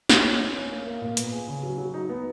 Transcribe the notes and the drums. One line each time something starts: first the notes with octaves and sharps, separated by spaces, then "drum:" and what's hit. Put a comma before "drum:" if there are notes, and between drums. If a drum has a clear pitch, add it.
C#4, drum: snare
C#4
C#4
C#4
A#3
A#3
A#2
B3, drum: hi-hat
G#4
C#3
F#3
F#3
D#4
B3